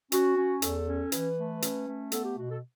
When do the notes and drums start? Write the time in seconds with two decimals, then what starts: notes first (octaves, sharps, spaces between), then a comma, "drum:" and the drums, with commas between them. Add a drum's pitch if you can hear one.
0.12 C#4 F#4, drum: hi-hat
0.36 C#4
0.62 E2 A4, drum: hi-hat
0.87 C#4
1.12 E3 B4, drum: hi-hat
1.37 A3
1.62 C#4, drum: hi-hat
1.86 A3
2.12 B3 A4, drum: hi-hat
2.24 G4
2.36 B2 F#4
2.49 A4